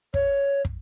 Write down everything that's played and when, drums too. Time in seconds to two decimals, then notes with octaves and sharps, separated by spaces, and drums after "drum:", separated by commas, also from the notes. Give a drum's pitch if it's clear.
0.14 C#5, drum: kick
0.65 drum: kick